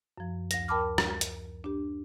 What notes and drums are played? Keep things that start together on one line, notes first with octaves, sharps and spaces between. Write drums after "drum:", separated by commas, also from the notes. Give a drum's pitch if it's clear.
F#2 F3
D2 A#6, drum: hi-hat
A#4 G5 A5 B5 D6 F6
drum: rim click
drum: hi-hat
D4 G4